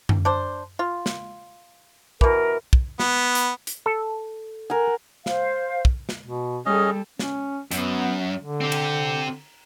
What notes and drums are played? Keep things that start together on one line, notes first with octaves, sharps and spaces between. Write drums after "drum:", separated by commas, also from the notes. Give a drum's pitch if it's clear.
drum: tom F#2
D4 C5
F4
drum: snare
B2 E3 A#4, drum: kick
drum: kick
B3, drum: snare
drum: hi-hat
drum: hi-hat
A4
A#4 F#5 G#5
C5 F5, drum: snare
drum: kick
drum: snare
B2
G3 C#4 G#4 A4 D#5
C#4, drum: snare
F#2 B3, drum: hi-hat
D3
C4 G4
drum: cymbal